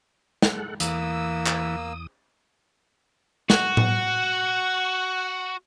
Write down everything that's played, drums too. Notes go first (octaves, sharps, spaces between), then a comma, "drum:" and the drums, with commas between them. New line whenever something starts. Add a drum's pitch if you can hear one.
G#3 A4 F#5, drum: snare
E2 E3 A#3 D#6 E6, drum: hi-hat
drum: clap
F#4 F#5, drum: snare
drum: tom A2